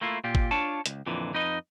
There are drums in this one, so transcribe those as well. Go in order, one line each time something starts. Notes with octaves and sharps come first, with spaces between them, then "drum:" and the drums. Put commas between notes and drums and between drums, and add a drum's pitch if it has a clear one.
A3 A#3 E4 F4
A#2 F4 G4
drum: kick
D4 F4 C#5 A5
C#2, drum: hi-hat
F2 A#2 D3 E3
F2 D#4 B4 D#5